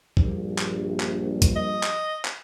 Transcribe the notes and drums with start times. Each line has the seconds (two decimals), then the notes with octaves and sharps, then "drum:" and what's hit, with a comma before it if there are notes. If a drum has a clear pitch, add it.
0.17 A#1 G2, drum: kick
0.59 drum: clap
1.00 drum: clap
1.42 drum: kick, hi-hat
1.56 D#5
1.83 drum: clap
2.25 drum: clap